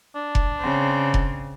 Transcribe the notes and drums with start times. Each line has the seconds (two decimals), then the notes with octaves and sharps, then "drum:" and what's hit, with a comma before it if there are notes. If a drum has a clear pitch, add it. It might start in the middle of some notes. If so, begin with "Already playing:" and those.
0.15 D4
0.35 drum: kick F1
0.59 C#3 C4
1.14 drum: kick F1